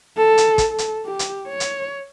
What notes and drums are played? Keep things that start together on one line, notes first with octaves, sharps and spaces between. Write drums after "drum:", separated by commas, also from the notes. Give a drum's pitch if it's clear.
A4
drum: hi-hat
drum: kick, hi-hat
A4
drum: hi-hat
G4
drum: hi-hat
C#5
drum: hi-hat